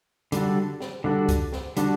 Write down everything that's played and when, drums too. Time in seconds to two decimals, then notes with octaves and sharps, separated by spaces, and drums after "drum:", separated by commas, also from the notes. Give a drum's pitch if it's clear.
0.32 D3 G3 D4 F#4 A4, drum: hi-hat
0.81 drum: snare
1.04 D3 G3 D4 F#4 A4
1.29 drum: kick C2, hi-hat
1.53 drum: snare
1.77 D3 G3 D4 F#4 A4, drum: hi-hat